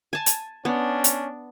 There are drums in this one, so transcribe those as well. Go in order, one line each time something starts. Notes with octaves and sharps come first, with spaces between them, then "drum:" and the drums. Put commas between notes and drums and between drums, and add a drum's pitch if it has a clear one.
G#5 A5
drum: hi-hat
B3 C#4 D4
drum: hi-hat